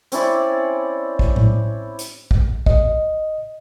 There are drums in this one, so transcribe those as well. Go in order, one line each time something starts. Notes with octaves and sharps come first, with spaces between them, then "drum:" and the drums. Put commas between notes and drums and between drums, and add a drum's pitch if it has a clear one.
C4 C#4 E4 D5, drum: hi-hat
drum: kick
drum: tom A2
drum: hi-hat
drum: kick
D#5, drum: kick